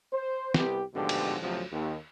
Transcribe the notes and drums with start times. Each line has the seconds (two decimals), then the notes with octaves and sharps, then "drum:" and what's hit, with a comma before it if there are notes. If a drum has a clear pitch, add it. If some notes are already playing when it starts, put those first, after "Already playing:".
0.13 C5
0.54 C2 B3 G4, drum: snare
0.94 A1 G#2 B2 D3 F3 G4
1.09 drum: cymbal
1.41 A1 D2 C3 F3 F#3
1.72 D#2